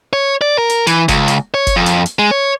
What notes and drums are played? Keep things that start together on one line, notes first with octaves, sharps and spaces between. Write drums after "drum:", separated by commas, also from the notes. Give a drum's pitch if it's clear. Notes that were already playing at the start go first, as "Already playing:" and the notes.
C#5
D5
A#4
drum: hi-hat
E3, drum: hi-hat
C#2, drum: kick F#1, hi-hat
drum: hi-hat
C#5
drum: kick F#1, hi-hat
F2
drum: hi-hat
drum: hi-hat
G#3
C#5